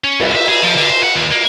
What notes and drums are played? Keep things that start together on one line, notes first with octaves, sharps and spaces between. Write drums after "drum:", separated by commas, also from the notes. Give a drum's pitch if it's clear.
C#4
C2, drum: cymbal
E5
G#4
F3
D3
C5
F#5
D#2
A#3